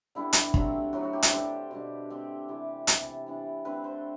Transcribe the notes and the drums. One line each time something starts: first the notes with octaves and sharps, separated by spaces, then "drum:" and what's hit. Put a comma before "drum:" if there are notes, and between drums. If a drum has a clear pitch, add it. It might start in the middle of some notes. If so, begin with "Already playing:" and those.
D3 G3 B3 D4 E4
drum: hi-hat
D3 F#3 A3 C4, drum: kick
A2 F#3 B3 F#4
F#4
G4
A4, drum: hi-hat
D3 G3 D4 C5
B2 G3 D4
D3 A3 C4 G4
C3 E3 B3
C3 E3 B3 A4, drum: hi-hat
E3 B3 D4
D3 A3 C4 B4
C5